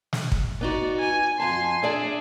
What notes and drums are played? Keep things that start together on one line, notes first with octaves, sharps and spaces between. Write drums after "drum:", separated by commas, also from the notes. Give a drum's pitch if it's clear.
drum: snare
drum: kick
B3 D#4 F#4 D5
G#5
F2 G#5 A5 C6
D4 G#4 D5 E5